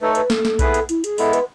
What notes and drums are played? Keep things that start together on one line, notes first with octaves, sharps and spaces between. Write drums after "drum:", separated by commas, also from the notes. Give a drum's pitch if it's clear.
A3 D#4 A4 B4 C#5
B4, drum: hi-hat
A4, drum: snare
drum: snare
B3 E4 G#4 B4, drum: kick B1, hi-hat
drum: hi-hat
E4, drum: hi-hat
G#4, drum: hi-hat
G#3 B3 E4 A4, drum: open hi-hat
B4, drum: hi-hat